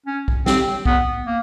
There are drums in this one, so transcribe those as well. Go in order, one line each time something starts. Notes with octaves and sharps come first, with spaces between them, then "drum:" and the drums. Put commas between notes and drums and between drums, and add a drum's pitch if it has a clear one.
C#4
drum: kick B1
C4, drum: snare
B3, drum: kick B1
A#3